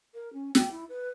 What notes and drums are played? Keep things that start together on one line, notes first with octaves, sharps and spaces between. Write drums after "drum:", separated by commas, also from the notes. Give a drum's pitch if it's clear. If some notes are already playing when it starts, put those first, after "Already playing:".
A#4
C#4
G5, drum: snare
E4
B4